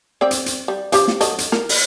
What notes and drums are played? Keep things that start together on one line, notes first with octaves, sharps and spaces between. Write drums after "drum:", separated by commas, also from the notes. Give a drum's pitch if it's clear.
C4 D5 G5
drum: hi-hat
drum: hi-hat
G3
C#3 F3 G4, drum: hi-hat
drum: snare
F#3 A4 D#5, drum: hi-hat
drum: hi-hat
A#4, drum: snare
drum: open hi-hat